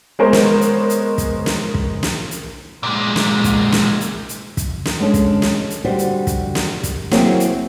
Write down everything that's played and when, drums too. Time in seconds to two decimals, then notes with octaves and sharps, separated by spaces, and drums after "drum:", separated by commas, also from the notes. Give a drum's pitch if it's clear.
0.19 G#3 B3 A#4 C5 C#5
0.33 drum: snare
0.61 drum: hi-hat
0.90 drum: hi-hat
1.18 drum: kick, hi-hat
1.46 drum: snare
1.74 drum: kick
2.03 drum: snare
2.31 drum: hi-hat
2.83 A#2 G#3
3.16 drum: snare
3.44 drum: kick, hi-hat
3.72 drum: snare
4.01 drum: hi-hat
4.29 drum: hi-hat
4.57 drum: kick, hi-hat
4.85 drum: snare
5.00 G#3 B3 C#4 D4 A4
5.14 drum: kick, hi-hat
5.42 drum: snare
5.70 drum: hi-hat
5.84 D3 G3 F#4 C5
5.99 drum: hi-hat
6.27 drum: kick, hi-hat
6.55 drum: snare
6.83 drum: kick, hi-hat
7.11 F#3 A#3 C4 E4 G#4 E5, drum: snare
7.40 drum: hi-hat